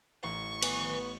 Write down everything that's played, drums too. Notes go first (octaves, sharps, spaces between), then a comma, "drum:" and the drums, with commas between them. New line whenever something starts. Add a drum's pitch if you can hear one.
A1 C#6
B3 B4 G#5, drum: cymbal